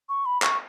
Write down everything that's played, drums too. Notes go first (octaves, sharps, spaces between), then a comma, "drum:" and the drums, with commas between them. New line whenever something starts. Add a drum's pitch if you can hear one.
C#6
B5
C#6, drum: clap